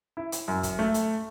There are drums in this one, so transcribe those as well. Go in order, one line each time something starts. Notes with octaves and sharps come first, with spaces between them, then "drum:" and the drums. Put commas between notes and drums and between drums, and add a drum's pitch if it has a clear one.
E4
drum: hi-hat
F#2
drum: kick, hi-hat
A3
drum: hi-hat